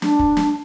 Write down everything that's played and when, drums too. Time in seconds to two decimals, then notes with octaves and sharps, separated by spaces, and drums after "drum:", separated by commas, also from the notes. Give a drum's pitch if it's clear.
0.02 D4, drum: snare
0.19 drum: kick
0.37 drum: snare